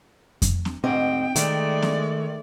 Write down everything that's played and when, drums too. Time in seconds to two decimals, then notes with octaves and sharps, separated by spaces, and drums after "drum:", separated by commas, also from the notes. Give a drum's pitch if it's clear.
0.42 drum: kick F2, hi-hat
0.65 drum: snare
0.84 D2 G#2 C4 D#5 G5
1.36 D#3 G#3 A3 D5, drum: hi-hat
1.82 drum: snare